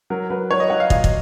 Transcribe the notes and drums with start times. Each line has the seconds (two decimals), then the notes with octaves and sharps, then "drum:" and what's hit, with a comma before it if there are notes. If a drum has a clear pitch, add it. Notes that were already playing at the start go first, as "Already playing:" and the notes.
0.10 F#3 A#4
0.30 F#3 B4
0.51 F#3 C#5
0.60 D#5
0.70 F#3 F#5
0.80 F5
0.90 A#2 D#5, drum: kick
1.04 drum: kick